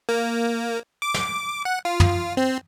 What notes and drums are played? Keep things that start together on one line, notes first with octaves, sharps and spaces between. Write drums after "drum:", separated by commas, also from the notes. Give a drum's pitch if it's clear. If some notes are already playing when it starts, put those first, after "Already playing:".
A#3
D6
drum: snare
F#5
F4
drum: tom
C4